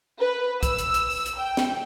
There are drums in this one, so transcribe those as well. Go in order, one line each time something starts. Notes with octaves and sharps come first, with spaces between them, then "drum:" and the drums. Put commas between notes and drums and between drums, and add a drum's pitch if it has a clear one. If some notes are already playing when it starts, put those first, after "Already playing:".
B4
E6, drum: kick C2, hi-hat
drum: hi-hat
drum: hi-hat
drum: open hi-hat
drum: hi-hat
G5
drum: snare